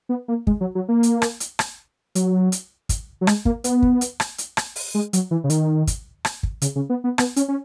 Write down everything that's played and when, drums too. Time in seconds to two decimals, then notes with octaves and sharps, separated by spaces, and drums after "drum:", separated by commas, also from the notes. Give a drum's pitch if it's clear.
0.09 B3
0.28 A#3
0.47 G#3, drum: kick
0.61 F#3
0.75 F#3
0.89 A#3
1.03 drum: hi-hat
1.22 drum: rim click
1.40 drum: hi-hat
1.59 drum: rim click
2.15 F#3, drum: hi-hat
2.52 drum: hi-hat
2.89 drum: kick, hi-hat
3.21 F#3
3.27 G#3, drum: rim click
3.45 A#3, drum: kick
3.64 B3, drum: hi-hat
3.82 drum: kick
4.01 drum: hi-hat
4.20 drum: rim click
4.38 drum: hi-hat
4.57 drum: rim click
4.76 drum: open hi-hat
4.94 G#3
5.13 F#3, drum: hi-hat
5.31 E3
5.44 C#3
5.50 D#3, drum: hi-hat
5.87 drum: kick, hi-hat
6.25 drum: rim click
6.43 drum: kick
6.62 C#3, drum: hi-hat
6.76 C#3
6.90 B3
7.04 B3
7.18 B3, drum: rim click
7.36 C#4, drum: hi-hat
7.48 C#4